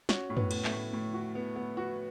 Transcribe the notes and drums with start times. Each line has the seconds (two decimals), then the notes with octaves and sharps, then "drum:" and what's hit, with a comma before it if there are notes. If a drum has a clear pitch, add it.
0.09 C#4 F#4, drum: snare
0.30 A2
0.37 B3, drum: tom
0.51 A2, drum: cymbal
0.65 A3, drum: clap
0.72 A2
0.93 A2
1.14 F#4
1.35 B3
1.56 B3
1.77 F#4